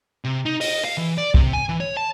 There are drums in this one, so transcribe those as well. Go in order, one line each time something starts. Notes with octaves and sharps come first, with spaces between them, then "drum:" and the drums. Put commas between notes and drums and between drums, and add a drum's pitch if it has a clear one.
C3
D#4
D#5, drum: open hi-hat
F5
E3
D5
C3, drum: kick
G#5
E3
C#5
A5